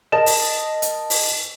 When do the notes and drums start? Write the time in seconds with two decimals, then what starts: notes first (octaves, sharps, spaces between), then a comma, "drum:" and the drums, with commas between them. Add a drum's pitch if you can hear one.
0.12 A#4 D#5 A5 E7
0.26 drum: open hi-hat
0.82 drum: hi-hat
1.10 drum: open hi-hat